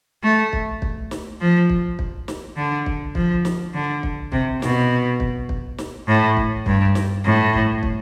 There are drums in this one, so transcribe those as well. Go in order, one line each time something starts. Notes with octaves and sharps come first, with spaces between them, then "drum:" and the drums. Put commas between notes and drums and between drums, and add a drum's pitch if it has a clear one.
A3
drum: kick
drum: kick
drum: snare
F3
drum: kick
drum: kick
drum: snare
D3
drum: kick
F3, drum: kick
drum: snare
D3
drum: kick
C3, drum: kick
B2, drum: snare
drum: kick
drum: kick
drum: snare
A2
drum: kick
G2, drum: kick
drum: snare
A2
drum: kick
drum: kick